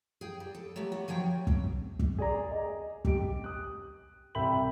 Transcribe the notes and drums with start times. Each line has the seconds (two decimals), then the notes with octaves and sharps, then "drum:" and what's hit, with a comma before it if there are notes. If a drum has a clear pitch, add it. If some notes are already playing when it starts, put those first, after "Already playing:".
0.21 G#4 G5
0.40 G3
0.55 A4
0.76 F#3 A3 B3 G4
0.92 F#4
1.08 D#3 F3 F#3 C#5 G5
1.47 drum: kick
1.99 drum: kick
2.18 G#4 D5 A#5
2.51 D#5
3.05 G4 D7, drum: kick
3.44 D#6 F#6
4.35 C2 E5 G5 B5 F#7